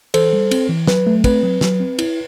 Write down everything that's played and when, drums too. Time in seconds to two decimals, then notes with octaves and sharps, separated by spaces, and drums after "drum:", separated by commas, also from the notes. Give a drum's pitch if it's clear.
0.14 E3 A4 C5, drum: cymbal
0.33 G3
0.51 C4, drum: cymbal
0.69 E3
0.87 F#3 B4, drum: snare
1.07 A3
1.24 C4 B4, drum: kick, cymbal
1.43 F#3
1.61 F#3, drum: snare
1.80 C4
1.99 E4, drum: cymbal